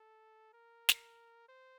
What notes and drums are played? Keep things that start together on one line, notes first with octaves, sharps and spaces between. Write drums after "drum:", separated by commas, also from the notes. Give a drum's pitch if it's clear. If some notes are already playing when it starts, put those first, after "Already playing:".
Already playing: A4
A#4
drum: snare
C5